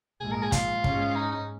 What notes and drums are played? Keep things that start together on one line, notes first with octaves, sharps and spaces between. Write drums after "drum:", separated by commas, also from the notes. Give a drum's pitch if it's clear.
A#1 G#2 G#3 G#4
A#4
G#4
F4, drum: kick, hi-hat
G#2 G#3 C#4, drum: kick
D#4
D#4